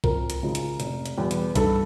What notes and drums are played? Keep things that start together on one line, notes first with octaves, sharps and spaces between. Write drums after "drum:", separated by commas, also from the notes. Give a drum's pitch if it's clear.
F2 A#4, drum: kick
drum: hi-hat
C#3 F3 G#3
drum: hi-hat
F1, drum: hi-hat
drum: hi-hat
E2 B2 G3 B3
drum: hi-hat
G2 A4, drum: kick, hi-hat